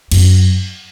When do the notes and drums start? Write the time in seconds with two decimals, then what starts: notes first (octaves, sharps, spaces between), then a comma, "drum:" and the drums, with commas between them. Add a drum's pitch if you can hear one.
0.11 F#2, drum: cymbal